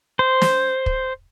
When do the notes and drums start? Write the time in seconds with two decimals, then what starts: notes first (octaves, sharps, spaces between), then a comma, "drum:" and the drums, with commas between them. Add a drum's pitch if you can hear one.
0.19 C5
0.42 drum: snare
0.86 drum: kick